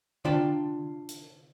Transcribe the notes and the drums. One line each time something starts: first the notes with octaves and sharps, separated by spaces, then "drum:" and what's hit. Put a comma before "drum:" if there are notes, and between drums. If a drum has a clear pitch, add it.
D4 F4 D5 G5 A5, drum: tom D3
drum: hi-hat